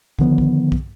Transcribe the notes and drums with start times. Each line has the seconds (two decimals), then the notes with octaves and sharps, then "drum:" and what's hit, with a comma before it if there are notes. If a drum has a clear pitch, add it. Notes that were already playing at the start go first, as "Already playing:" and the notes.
0.19 D3 D#3 F3 B3, drum: kick
0.38 drum: kick
0.72 drum: kick